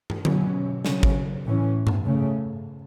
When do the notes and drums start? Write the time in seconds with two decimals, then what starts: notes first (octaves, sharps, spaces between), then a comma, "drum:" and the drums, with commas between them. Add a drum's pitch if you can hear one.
0.10 drum: tom
0.25 B2 F#3 C#4, drum: tom D3
0.85 C#3 F#3 C#4, drum: snare
1.03 drum: kick G#1
1.45 A2 E3 C#4
1.87 drum: tom G2
2.04 C#3 A3 C#4